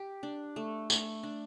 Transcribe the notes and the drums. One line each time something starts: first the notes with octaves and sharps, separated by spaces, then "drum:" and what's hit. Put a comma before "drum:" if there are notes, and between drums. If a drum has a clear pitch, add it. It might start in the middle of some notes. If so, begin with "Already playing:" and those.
Already playing: G4
D4
A3
A3, drum: tambourine
D4